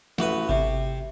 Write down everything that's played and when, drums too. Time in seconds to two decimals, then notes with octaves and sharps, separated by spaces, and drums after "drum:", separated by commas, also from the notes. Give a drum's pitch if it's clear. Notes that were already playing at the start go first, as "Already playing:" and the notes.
0.18 A1 F#4 B4, drum: snare
0.49 C3, drum: kick G#1